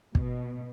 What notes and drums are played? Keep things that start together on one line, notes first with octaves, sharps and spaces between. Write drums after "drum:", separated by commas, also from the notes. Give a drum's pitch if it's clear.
B2, drum: kick